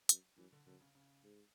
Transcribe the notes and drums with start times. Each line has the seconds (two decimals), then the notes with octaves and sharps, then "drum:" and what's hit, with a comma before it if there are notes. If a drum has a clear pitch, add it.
0.09 F#2, drum: hi-hat
0.38 F#2 E3
0.52 D3
0.67 F#2 D3
0.81 C#3
0.95 C#3
1.24 G#2